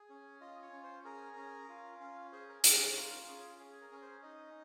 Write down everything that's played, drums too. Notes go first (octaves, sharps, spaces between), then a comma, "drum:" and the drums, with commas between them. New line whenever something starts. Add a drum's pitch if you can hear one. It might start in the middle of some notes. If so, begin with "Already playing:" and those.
Already playing: G#4
C#4
F4 D#5
C#5
C#4
C5
G#4 A#4
C#4
F4
C#4
G#4 C5
A#4
C#4 G#4, drum: hi-hat
G#4
F4 A#4
C#4 G#4
G#4
A#4
C#4
C5
D#4 D#5